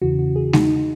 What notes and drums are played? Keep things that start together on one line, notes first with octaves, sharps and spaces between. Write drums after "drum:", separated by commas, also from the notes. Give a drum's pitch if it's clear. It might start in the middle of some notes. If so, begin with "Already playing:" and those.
E2 C#3 E3 F#4
F#4
G#4
D#4, drum: snare